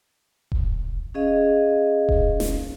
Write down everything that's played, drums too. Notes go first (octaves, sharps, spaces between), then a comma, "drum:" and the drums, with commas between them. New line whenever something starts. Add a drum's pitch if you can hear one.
drum: kick D#1
C#4 G#4 D#5 F5
drum: kick D#1
drum: snare